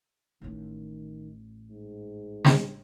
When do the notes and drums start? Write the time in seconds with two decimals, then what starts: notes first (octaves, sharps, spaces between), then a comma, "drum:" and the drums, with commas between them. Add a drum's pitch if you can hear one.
0.42 A1 A2 D#3
1.70 G#2
2.44 drum: snare